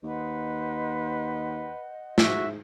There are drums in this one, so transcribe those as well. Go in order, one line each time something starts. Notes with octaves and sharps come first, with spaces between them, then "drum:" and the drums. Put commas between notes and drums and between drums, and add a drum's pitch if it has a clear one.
D#2 B4 C5 D#5 F#5
G#2 F#4 E5, drum: snare